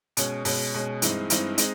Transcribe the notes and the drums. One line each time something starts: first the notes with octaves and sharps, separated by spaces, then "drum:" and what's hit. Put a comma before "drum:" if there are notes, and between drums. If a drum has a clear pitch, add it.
B2 G#3 C#4, drum: hi-hat
B2 G#3 C#4, drum: open hi-hat
B2 G#3 C#4
G2 E3 G#3 C4 D#4, drum: hi-hat
G2 E3 G#3 C4 D#4, drum: hi-hat
G#3 C4 D#4, drum: hi-hat